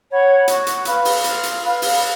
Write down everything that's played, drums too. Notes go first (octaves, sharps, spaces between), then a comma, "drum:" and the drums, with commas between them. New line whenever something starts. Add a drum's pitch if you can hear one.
C#5 F#5 B5
F#4, drum: hi-hat
drum: hi-hat
B4 F5, drum: hi-hat
drum: open hi-hat
F4, drum: hi-hat
drum: hi-hat
B4 F5
drum: open hi-hat